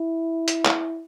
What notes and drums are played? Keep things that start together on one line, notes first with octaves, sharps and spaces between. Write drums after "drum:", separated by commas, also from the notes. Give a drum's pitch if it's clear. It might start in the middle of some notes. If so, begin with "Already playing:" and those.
Already playing: E4
drum: hi-hat
drum: clap